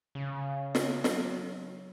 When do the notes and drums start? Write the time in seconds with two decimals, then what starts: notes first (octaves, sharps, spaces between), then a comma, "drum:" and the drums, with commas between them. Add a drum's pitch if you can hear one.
0.15 C#3
0.75 drum: snare
1.04 F#3, drum: snare